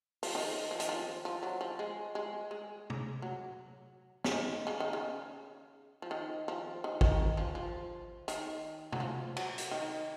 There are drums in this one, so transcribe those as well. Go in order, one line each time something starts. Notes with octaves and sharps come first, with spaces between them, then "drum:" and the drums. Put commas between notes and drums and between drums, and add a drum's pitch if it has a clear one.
F3, drum: open hi-hat
D#3
F3
D#3, drum: hi-hat
F3
F3
F#3
F3
G#3
G#3
G#3
drum: tom
F#3
C#3, drum: snare
D#3
C#3
D#3
C#3
F3
D#3
F3
D#3
D#3, drum: kick
F3
F3
D#3, drum: hi-hat
F#3, drum: tom
F3
F#3, drum: cymbal
drum: hi-hat
D#3